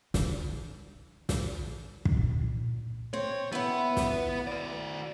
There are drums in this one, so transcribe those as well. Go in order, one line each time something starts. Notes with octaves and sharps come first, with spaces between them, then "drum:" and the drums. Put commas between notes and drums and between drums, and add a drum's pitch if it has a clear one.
D#4, drum: snare
drum: snare
drum: kick
A#2
C4 C#5
B3 E4 B4 F#5
drum: snare
F#4 D5